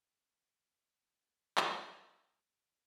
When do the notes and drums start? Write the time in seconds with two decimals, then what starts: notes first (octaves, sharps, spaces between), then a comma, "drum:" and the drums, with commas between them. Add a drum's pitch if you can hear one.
1.05 F2 A4
1.57 drum: clap
1.72 B3 E4 G#4 C#5